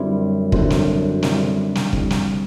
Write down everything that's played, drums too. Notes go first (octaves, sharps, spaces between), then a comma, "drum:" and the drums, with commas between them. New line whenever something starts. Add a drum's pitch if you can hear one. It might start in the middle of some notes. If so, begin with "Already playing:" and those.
Already playing: F#2 D3 G3 C4 E4
D3 G3 C4 E4, drum: kick
drum: snare
D3 G3 C4 E4, drum: snare
drum: snare
D3 G3 C4 E4, drum: kick
drum: snare